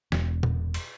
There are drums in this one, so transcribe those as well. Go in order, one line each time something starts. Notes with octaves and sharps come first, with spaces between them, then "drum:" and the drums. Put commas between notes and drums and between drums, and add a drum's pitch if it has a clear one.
E1, drum: snare
drum: tom A#2
drum: cymbal